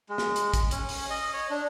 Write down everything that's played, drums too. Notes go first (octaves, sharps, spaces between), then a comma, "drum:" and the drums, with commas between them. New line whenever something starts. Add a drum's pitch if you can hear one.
G#3
drum: snare
drum: hi-hat
drum: kick, hi-hat
C#4, drum: hi-hat
drum: open hi-hat
D#5
C#5
D4